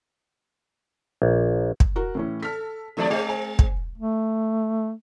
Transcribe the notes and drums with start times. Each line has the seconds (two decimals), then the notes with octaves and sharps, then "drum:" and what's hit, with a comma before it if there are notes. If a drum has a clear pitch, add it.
1.22 A#1
1.80 drum: kick
1.96 F#4 A#4
2.15 A2 E3 C#4
2.43 A4 F6 B6
2.97 D#2 F3 A3 C4 D5
3.10 G#3 C4 G#4 D#5
3.29 G#5
3.59 drum: kick
3.98 A3